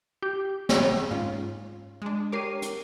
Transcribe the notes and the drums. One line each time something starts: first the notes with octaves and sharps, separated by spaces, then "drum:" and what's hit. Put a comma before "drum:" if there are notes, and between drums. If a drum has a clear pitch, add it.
G4 G6
drum: snare
G#2 C#4 F4
G#3 D4
G4 A#4 C#5 D6 C7 D#7
drum: hi-hat